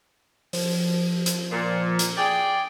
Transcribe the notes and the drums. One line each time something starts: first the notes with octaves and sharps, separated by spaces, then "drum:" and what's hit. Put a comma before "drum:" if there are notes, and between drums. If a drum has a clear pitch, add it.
F3, drum: open hi-hat
drum: hi-hat
A#2
drum: hi-hat
G#4 D5 G5